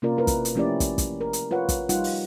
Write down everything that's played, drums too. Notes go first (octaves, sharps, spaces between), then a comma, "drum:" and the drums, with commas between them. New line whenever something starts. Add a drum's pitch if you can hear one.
C3 A#3 C#4 F4 A#4 D5
E4 A#4 B4
drum: kick, hi-hat
drum: hi-hat
F3 A3 C#4 E4 G4 D5
drum: kick, hi-hat
drum: kick, hi-hat
A#4
drum: hi-hat
F4 B4 C#5 F#5
drum: kick, hi-hat
G3 D#4 F4 F#5, drum: hi-hat
drum: open hi-hat